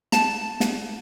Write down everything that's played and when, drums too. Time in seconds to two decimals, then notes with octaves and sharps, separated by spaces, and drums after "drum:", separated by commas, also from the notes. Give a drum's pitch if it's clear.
0.12 A5, drum: snare
0.60 drum: snare